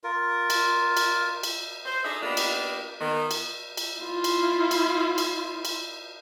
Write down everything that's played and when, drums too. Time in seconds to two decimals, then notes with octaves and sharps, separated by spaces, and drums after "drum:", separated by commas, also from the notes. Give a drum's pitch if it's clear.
0.04 F4 A#4
0.50 drum: cymbal
0.97 drum: cymbal
1.43 drum: cymbal
1.86 C5
2.05 D4 D#4 G#4 A4 E5
2.22 A#3 B3 D4 D#4 F4 G4
2.37 drum: cymbal
3.00 D#3 B3
3.31 drum: cymbal
3.77 drum: cymbal
4.01 E4 F4
4.24 drum: cymbal
4.71 drum: cymbal
5.18 drum: cymbal
5.65 drum: cymbal